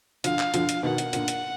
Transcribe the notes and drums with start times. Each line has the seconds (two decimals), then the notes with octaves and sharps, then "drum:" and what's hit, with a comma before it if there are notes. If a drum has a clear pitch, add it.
0.24 D3 F3 F5, drum: hi-hat
0.39 drum: clap
0.54 D3 F3, drum: hi-hat
0.69 drum: hi-hat
0.83 B2 D#3 F#5
0.98 drum: hi-hat
1.13 A#2 D3, drum: hi-hat
1.28 drum: hi-hat